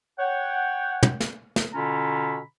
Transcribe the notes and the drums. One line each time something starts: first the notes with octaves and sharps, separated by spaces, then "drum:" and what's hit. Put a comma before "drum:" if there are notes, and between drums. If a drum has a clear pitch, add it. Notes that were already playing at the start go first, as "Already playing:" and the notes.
C#5 F#5 G5
drum: tom
drum: snare
drum: snare
B2 D3 C#4 F4 A#5 B5